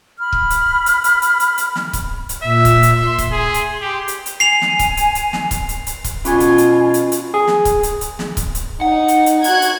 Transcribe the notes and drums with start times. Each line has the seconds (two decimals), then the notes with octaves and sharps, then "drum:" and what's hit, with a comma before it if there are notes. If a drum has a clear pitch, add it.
0.19 B5 F6
0.32 drum: kick
0.50 drum: hi-hat
0.86 drum: hi-hat
1.04 drum: hi-hat
1.22 drum: hi-hat
1.40 drum: hi-hat
1.58 drum: hi-hat
1.75 drum: snare
1.93 drum: kick, hi-hat
2.29 drum: hi-hat
2.43 A#2 E5
2.65 drum: kick, hi-hat
2.83 drum: hi-hat
2.92 E5 C6
3.18 drum: kick, hi-hat
3.31 G#4
3.54 drum: hi-hat
3.81 G4
4.08 drum: hi-hat
4.26 drum: hi-hat
4.40 G#5 C7 F7
4.61 drum: snare
4.79 drum: kick, hi-hat
4.97 drum: hi-hat
5.15 drum: hi-hat
5.33 drum: snare
5.51 drum: kick, hi-hat
5.69 drum: hi-hat
5.87 drum: hi-hat
6.04 drum: kick, hi-hat
6.25 B2 C#4 F4 G#4 B5 C#6, drum: hi-hat
6.40 drum: hi-hat
6.58 drum: hi-hat
6.94 drum: hi-hat
7.12 drum: hi-hat
7.34 G#4
7.47 drum: snare
7.65 drum: kick, hi-hat
7.83 drum: hi-hat
8.01 drum: hi-hat
8.19 drum: snare
8.37 drum: kick, hi-hat
8.55 drum: hi-hat
8.81 D#4 F#5
9.08 drum: hi-hat
9.26 drum: hi-hat
9.44 F#4 F#6 G#6, drum: hi-hat
9.62 drum: hi-hat